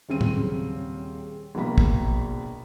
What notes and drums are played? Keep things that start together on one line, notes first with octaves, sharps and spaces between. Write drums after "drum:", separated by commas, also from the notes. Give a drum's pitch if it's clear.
D#1 C#3 C4 D#7
drum: tom
A#1 B2 A#3 A#5 B5
drum: kick